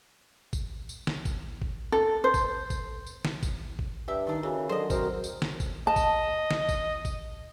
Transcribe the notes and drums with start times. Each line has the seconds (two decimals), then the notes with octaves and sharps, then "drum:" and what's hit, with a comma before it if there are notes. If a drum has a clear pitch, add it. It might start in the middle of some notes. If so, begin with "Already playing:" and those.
0.53 drum: kick, tambourine
0.89 drum: tambourine
1.07 drum: snare
1.25 drum: kick, tambourine
1.62 drum: kick
1.92 A4
2.24 C5
2.34 drum: kick, tambourine
2.70 drum: kick, tambourine
3.06 drum: tambourine
3.25 drum: snare
3.43 drum: kick, tambourine
3.79 drum: kick
4.08 G2 G4 E5
4.27 D#3 A3 D4 D#4
4.43 C#3 E3 F#4
4.69 D3 F#3 G#4 C5 D#5
4.90 B2 C4 F#4 A#4, drum: kick, tambourine
5.24 drum: tambourine
5.42 drum: snare
5.60 drum: kick, tambourine
5.87 D#5 A5
5.96 drum: kick, tambourine
6.51 drum: snare
6.69 drum: kick, tambourine
7.05 drum: kick, tambourine